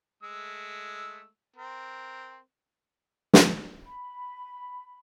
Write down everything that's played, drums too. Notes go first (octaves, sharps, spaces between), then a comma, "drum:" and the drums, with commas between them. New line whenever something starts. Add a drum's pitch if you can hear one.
G#3 A3 E6
C4 A#4
drum: snare
B5